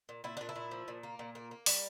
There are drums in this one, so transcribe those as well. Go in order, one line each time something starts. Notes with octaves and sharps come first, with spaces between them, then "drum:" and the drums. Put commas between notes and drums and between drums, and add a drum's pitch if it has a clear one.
A#2
A#2 E4
A#2 D4
E4
A#2
F3
A#2
A#3
A#2
A#3
A#3
G3, drum: open hi-hat